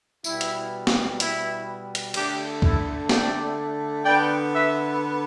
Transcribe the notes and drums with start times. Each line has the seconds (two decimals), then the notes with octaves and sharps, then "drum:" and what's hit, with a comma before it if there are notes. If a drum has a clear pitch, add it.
0.24 B2 G3 B3 E4, drum: tambourine
0.41 drum: hi-hat
0.87 drum: snare
1.20 E4, drum: hi-hat
1.95 drum: hi-hat
2.14 D3 A3 D4 G4, drum: cymbal
2.62 E4 A4, drum: kick C#2
3.09 D5 G5, drum: snare
4.04 D3 B3 D5 G5
4.51 B4 E5